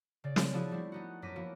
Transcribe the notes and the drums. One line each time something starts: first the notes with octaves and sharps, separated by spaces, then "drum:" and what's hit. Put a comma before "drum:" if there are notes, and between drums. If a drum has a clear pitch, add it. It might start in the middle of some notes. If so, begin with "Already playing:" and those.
C#3 D5
drum: snare
F3 B3 D4 E4 F#4 G#4
G3 A3 C4 E4
B3 D#4 F#4
F#2 D6 A#6 B6 D#7
F3 A#3 E4 F#4